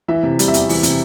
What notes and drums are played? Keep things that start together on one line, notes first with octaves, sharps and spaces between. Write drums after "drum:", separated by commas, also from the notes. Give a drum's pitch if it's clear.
E3 E5
C3
G3, drum: hi-hat
E5
E2, drum: hi-hat
E3, drum: open hi-hat
C3, drum: hi-hat